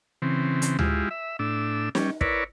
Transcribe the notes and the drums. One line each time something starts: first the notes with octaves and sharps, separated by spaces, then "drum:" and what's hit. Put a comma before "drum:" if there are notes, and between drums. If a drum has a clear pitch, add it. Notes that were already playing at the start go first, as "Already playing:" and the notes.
C#3 E3 C4
drum: hi-hat
G#3 E4 F4 G4, drum: tom D2
E5
A2 D4 E6
G3 C#4, drum: snare
E4 A#4 B4 C#5 D5, drum: kick